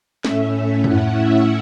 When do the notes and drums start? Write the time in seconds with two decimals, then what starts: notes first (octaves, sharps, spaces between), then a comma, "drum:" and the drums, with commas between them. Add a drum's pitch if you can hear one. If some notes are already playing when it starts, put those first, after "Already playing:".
0.25 A2 A3 C#4 E5, drum: snare
0.84 A2 A3 C#4 E4 F#5, drum: tom
1.14 E5